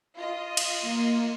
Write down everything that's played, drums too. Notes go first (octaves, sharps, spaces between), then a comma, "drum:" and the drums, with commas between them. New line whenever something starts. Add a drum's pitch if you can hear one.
F4 D#5
drum: cymbal
A#3